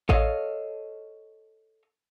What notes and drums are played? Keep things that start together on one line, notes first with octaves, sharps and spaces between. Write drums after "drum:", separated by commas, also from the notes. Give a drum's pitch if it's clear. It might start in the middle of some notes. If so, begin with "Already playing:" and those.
A4 C#5 D#5 F5, drum: kick A1